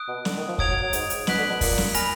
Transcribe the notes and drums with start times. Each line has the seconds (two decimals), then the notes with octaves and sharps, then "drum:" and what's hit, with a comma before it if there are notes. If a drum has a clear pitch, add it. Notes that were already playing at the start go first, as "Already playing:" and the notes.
Already playing: D#6 F#6 D7
0.08 B2
0.25 D3, drum: snare
0.36 D#3
0.48 F3
0.58 F#3 D#6 G#6 D7 F7, drum: kick
0.70 F#3
0.81 F#3
0.93 G#2, drum: hi-hat
1.10 drum: hi-hat
1.27 B2 F#6 B6 D7 F#7, drum: snare
1.38 D3
1.49 B2
1.61 A#2, drum: kick, open hi-hat
1.78 drum: snare
1.95 G#5 B5 F6 A#6 F7, drum: hi-hat